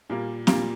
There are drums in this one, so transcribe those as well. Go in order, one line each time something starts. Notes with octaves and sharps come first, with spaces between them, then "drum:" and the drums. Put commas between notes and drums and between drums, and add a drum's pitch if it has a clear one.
A#2 G3 A#3
A#2 G3 A#3, drum: snare C4